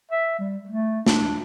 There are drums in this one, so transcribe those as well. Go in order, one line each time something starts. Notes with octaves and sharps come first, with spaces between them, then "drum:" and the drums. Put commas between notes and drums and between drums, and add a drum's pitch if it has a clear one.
E5
G3
A3
D4, drum: snare